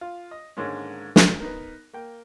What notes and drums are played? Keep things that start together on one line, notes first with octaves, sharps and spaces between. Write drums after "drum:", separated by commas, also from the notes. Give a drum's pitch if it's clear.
F4
D#5
G#2 D3 D#3 G#3 A#3 C#4
drum: snare
B3 D#4 A#4
A#3 G5